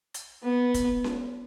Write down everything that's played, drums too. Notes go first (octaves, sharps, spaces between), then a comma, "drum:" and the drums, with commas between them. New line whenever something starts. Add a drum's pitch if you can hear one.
drum: hi-hat
B3
drum: kick, hi-hat
drum: snare C#4